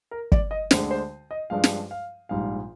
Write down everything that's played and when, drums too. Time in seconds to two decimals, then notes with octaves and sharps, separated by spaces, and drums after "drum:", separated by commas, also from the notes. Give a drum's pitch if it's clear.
0.11 A#4
0.32 D5, drum: kick
0.51 D#5
0.71 D2 D3 G#3 D4 C5, drum: snare
0.91 C5
1.31 D#5
1.50 G2 F3 G#3 D4 F5
1.64 drum: snare
1.91 F5
2.29 A#1 G#2 G3 F5